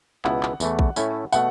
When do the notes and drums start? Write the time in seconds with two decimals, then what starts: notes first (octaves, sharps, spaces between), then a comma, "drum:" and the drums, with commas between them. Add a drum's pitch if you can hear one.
0.25 C#2 B2 B3 E4 F#5, drum: clap
0.43 drum: clap
0.60 E2 E3 A3, drum: tambourine
0.79 drum: kick A#1
0.96 A2 A3 C#4 E4, drum: tambourine
1.32 B2 A3 F#5, drum: tambourine